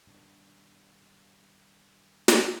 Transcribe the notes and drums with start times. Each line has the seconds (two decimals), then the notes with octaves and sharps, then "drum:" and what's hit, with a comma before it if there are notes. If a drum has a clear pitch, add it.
0.07 G2 B2 D#3
2.28 drum: snare